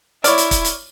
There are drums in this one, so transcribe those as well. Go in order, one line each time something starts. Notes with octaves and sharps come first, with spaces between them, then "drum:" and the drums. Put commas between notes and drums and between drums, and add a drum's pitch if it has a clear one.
E4 C#5 D5 D6 F6, drum: hi-hat
drum: hi-hat
drum: kick, hi-hat
drum: hi-hat